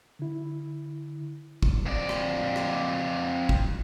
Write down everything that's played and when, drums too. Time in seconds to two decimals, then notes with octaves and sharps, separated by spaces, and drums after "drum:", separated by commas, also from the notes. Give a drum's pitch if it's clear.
0.19 D3 E4
1.63 drum: kick
1.86 F2 D5
2.09 drum: rim click
2.56 drum: rim click
3.49 drum: kick